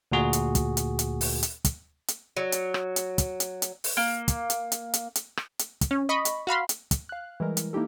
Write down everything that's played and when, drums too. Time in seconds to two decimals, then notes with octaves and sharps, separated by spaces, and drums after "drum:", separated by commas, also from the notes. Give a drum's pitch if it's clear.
0.12 D2 A#2 F#4 G#4
0.33 drum: hi-hat
0.55 drum: kick, hi-hat
0.77 drum: hi-hat
0.99 drum: hi-hat
1.21 drum: open hi-hat
1.43 drum: hi-hat
1.65 drum: kick, hi-hat
2.08 drum: hi-hat
2.37 F#3
2.52 drum: hi-hat
2.74 drum: rim click
2.96 drum: hi-hat
3.18 drum: kick, hi-hat
3.40 drum: hi-hat
3.62 drum: hi-hat
3.84 drum: open hi-hat
3.97 A#3
4.28 drum: kick, hi-hat
4.50 drum: hi-hat
4.72 drum: hi-hat
4.94 drum: hi-hat
5.15 drum: hi-hat
5.37 drum: rim click
5.59 drum: hi-hat
5.81 drum: kick, hi-hat
5.91 C#4
6.09 D#5 B5 C#6
6.25 drum: hi-hat
6.47 F#4 F5 B5 C6
6.69 drum: hi-hat
6.91 drum: kick, hi-hat
7.09 F5 F#6
7.40 E3 G3 G#3 A#4
7.57 drum: hi-hat
7.73 A#3 D#4 E4 G4 A4